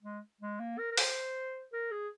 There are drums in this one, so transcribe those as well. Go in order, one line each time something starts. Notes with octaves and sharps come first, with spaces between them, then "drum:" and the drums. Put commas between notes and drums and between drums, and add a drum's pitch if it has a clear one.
G#3
G#3
A#3
A#4
A#4
C5, drum: open hi-hat
A#4
G#4